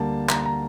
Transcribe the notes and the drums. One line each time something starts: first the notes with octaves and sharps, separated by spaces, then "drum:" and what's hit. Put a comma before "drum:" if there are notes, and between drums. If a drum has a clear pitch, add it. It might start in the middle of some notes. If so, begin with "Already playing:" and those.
Already playing: D2 D3 G3 A#3 A5
A#5, drum: clap
A#5